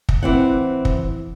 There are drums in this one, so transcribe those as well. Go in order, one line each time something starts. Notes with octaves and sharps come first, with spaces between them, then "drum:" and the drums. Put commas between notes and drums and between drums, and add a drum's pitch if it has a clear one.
drum: kick
E3 C4 F#5
drum: kick